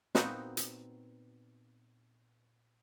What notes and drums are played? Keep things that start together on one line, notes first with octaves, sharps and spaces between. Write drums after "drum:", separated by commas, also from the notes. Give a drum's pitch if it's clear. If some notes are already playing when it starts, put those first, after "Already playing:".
A#2 B3 C4 D#4 F#4, drum: snare
drum: hi-hat